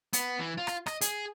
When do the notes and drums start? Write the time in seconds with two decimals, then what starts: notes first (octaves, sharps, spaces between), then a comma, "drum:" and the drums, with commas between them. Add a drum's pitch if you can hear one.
0.13 B3, drum: hi-hat
0.39 E3
0.58 F4
0.67 drum: rim click
0.86 D#5, drum: rim click
1.01 G#4, drum: hi-hat